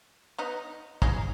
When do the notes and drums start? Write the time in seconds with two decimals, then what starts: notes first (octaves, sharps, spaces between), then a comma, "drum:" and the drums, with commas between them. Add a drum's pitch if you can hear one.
0.38 B3 D#4
1.02 D#4 G#4, drum: kick